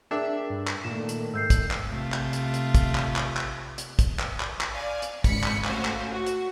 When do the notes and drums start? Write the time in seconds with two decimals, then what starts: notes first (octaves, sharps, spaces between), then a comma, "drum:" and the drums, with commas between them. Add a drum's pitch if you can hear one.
0.11 D4 G#4 A#4 E5 G5
0.50 G2
0.67 drum: clap
0.84 A#2 D#3 A3 E7
1.09 drum: hi-hat
1.34 G#2 E6 G6 C7
1.50 drum: kick, hi-hat
1.71 drum: clap
1.88 C3 A3 F4
2.12 drum: clap
2.33 drum: hi-hat
2.54 drum: hi-hat
2.74 drum: kick, hi-hat
2.95 drum: clap
3.16 drum: clap
3.37 drum: clap
3.78 drum: hi-hat
3.99 drum: kick, hi-hat
4.19 drum: clap
4.40 drum: clap
4.61 drum: clap
4.73 D5 F5 G#5
5.02 drum: hi-hat
5.24 G#1 C#2 B5 B6 C#7, drum: kick, hi-hat
5.44 drum: clap
5.64 A3 C#4 F#4 C5 F5 G#5, drum: clap
5.85 drum: clap
6.10 F#4
6.26 drum: hi-hat